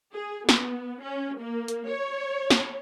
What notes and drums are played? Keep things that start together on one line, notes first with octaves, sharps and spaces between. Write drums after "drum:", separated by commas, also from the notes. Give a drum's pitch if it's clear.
G#4
B3, drum: snare
C#4
A#3
drum: hi-hat
C#5
drum: snare